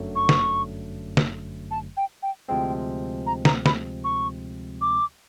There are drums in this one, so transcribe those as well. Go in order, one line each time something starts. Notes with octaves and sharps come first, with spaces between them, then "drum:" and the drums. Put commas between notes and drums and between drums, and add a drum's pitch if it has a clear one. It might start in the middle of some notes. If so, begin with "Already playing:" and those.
Already playing: G1 F#2 D3 F#3 A3
C#6
drum: snare
drum: snare
A5
G5
G5
D2 C3 F3 G#3 C4 G5
A#5
A#5, drum: snare
B5, drum: snare
C#6
D6